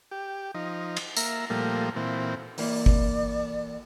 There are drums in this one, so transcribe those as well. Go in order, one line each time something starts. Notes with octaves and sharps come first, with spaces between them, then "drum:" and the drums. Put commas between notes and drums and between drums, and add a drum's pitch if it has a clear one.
G4
F3 D#4
drum: cymbal
A#3 E5 A#5, drum: tambourine
A#2 F3 G3 A3 A#3
A#2 E3 C4
E3 A#3 E4 D5, drum: open hi-hat
drum: kick G1